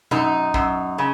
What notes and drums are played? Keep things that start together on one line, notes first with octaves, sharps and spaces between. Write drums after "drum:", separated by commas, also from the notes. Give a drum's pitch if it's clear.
F#2 D#4, drum: tom B2
F#2, drum: kick
C#3